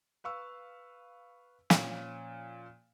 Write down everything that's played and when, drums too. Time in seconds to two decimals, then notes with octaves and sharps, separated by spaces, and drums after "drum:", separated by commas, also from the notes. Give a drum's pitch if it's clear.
0.24 B4 F5 C#6 E6
1.70 A#2 F3 C#4 D#7, drum: snare